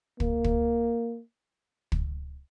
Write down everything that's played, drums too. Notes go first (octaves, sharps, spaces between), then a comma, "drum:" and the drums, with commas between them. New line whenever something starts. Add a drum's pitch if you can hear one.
A#3, drum: kick
drum: kick
drum: kick